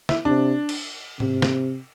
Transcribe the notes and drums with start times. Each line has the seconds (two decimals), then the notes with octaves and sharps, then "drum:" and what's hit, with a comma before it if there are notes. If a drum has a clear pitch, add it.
0.09 E4, drum: snare
0.25 C3 D4
0.69 drum: cymbal
1.20 C3, drum: tom G#2
1.42 drum: snare